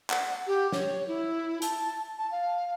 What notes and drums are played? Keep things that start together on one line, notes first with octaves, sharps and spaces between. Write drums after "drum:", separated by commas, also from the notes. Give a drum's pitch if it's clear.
F#5, drum: clap
G4
C#5, drum: snare
E4
A5, drum: hi-hat
A5
F5